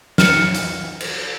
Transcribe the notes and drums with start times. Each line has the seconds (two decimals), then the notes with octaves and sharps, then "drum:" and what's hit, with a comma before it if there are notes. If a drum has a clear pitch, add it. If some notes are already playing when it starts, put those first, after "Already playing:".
0.18 F6 C#7, drum: snare
0.54 drum: hi-hat
1.01 drum: cymbal